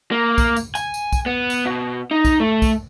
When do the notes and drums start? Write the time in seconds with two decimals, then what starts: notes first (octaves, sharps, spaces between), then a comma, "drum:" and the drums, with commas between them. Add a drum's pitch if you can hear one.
0.12 A#3
0.38 drum: kick, tambourine
0.56 drum: tambourine
0.75 G#5, drum: tambourine
0.94 drum: tambourine
1.13 drum: kick, tambourine
1.26 B3
1.50 drum: tambourine
1.66 B2
2.11 D#4
2.25 drum: kick, tambourine
2.40 A3
2.62 drum: kick, tambourine